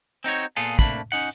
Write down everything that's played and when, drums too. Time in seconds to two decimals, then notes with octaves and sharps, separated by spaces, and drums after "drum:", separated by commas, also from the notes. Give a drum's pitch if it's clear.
0.24 C4 D#4 F#4 C#5
0.57 A#2 B3 F4 G#4 A4
0.79 C3 A3 A#3 D4 B5, drum: kick
1.12 C#4 D#4 F#5, drum: open hi-hat